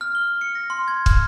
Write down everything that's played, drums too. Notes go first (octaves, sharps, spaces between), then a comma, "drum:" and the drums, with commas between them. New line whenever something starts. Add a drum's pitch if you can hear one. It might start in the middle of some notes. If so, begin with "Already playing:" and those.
F6
G7
C#7
A#6
C6
G#6
F6, drum: kick